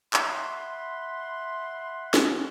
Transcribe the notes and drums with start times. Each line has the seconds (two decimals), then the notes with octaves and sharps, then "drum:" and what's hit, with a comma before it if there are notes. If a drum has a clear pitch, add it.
0.14 E5 F#5 B5 C6, drum: clap
2.14 drum: snare